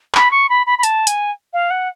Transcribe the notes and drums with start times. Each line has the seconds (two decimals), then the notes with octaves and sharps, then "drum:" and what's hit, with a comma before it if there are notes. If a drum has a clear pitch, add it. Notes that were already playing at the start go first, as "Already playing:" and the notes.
0.15 B5, drum: clap
0.31 C#6
0.49 B5
0.66 B5
0.78 B5
0.83 A5, drum: hi-hat
1.07 G#5, drum: hi-hat
1.53 F5
1.70 F#5